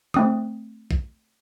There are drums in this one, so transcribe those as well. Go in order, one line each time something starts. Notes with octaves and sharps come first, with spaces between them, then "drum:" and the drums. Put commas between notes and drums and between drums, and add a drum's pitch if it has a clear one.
A3 C4 D#6, drum: tom C#3
drum: kick B1